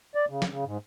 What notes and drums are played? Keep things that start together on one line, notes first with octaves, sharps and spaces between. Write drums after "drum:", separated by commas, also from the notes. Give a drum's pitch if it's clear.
D5
C#3
drum: snare
C#3
G#2